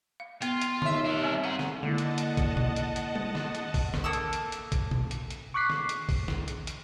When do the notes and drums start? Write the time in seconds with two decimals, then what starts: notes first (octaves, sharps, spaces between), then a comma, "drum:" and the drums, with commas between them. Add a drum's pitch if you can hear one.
0.20 F5
0.42 B3 F4, drum: hi-hat
0.61 drum: hi-hat
0.82 D#2 E5 C6, drum: tom D3
1.05 D4 A#4
1.24 G3 C4
1.44 G#4 C5 F5 F#5 A#5
1.59 drum: snare
1.83 D3 G#3 A#3 E4 D#5 F#5 A5
1.98 drum: hi-hat
2.18 drum: hi-hat
2.37 drum: kick, hi-hat
2.57 drum: tom
2.76 drum: hi-hat
2.96 drum: hi-hat
3.16 drum: tom
3.35 drum: snare
3.55 drum: hi-hat
3.74 drum: kick, open hi-hat
3.94 drum: snare
4.04 A#3 A4 D#6 E6
4.13 drum: hi-hat
4.33 drum: hi-hat
4.52 drum: hi-hat
4.72 drum: kick, hi-hat
4.91 drum: tom
5.11 drum: hi-hat
5.31 drum: hi-hat
5.54 C#6 D6 F#6 B6 C7
5.70 drum: snare
5.89 drum: hi-hat
6.09 drum: kick, open hi-hat
6.28 drum: snare
6.48 drum: hi-hat
6.67 drum: hi-hat